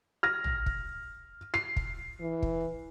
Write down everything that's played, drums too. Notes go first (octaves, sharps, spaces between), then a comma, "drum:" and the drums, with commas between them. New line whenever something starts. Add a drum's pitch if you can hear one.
F6 A#6
drum: tom A1
drum: kick
C7
drum: kick
E3
drum: kick